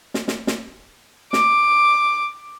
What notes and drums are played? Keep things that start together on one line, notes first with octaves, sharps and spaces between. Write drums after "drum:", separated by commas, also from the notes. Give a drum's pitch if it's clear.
drum: snare
drum: snare
drum: snare
D6, drum: snare